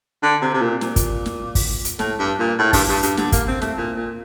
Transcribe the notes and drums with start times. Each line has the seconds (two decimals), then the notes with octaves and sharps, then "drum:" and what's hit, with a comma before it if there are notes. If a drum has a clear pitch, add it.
0.23 D3
0.42 C3
0.54 C3
0.62 A#2
0.81 A#2, drum: snare
0.96 drum: kick, hi-hat
1.26 drum: snare
1.55 drum: kick, open hi-hat
1.85 drum: hi-hat
1.99 A2, drum: snare
2.19 G2
2.39 A#2
2.59 A2
2.73 G2, drum: kick, open hi-hat
2.88 G2
3.03 G2, drum: hi-hat
3.17 D3, drum: snare
3.32 A#3, drum: kick, hi-hat
3.48 C4
3.62 A3, drum: snare
3.77 A#2
3.96 A#2